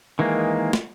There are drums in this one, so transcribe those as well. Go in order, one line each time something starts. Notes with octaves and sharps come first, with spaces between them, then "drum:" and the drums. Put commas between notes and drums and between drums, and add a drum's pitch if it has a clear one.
D#3 E3 G#3 A#3
drum: snare